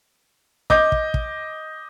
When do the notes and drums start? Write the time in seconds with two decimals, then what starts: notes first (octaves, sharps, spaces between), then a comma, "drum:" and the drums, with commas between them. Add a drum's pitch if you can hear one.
0.70 D#5 D6 G6, drum: kick
0.92 drum: kick
1.14 drum: kick